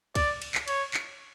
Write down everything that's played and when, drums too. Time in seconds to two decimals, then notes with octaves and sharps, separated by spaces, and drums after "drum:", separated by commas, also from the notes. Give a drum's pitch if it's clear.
0.15 D5, drum: kick, cymbal
0.42 drum: cymbal
0.55 drum: clap
0.68 C#5, drum: cymbal
0.94 drum: clap